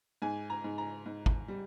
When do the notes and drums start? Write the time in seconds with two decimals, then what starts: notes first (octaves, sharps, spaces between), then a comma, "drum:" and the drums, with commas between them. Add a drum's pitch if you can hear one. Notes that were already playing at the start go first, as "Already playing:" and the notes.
0.22 G#2 G#5
0.50 A#5
0.64 G#2
0.78 A#5
1.06 G#2
1.26 drum: kick G#1
1.48 G3